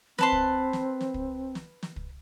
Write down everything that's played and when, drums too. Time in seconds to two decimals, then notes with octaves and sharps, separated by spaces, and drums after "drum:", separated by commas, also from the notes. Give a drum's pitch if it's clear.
0.19 C4 B4 A5 C6, drum: snare
0.32 drum: kick
0.73 drum: snare
1.01 drum: snare
1.14 drum: kick
1.55 drum: snare
1.83 drum: snare
1.96 drum: kick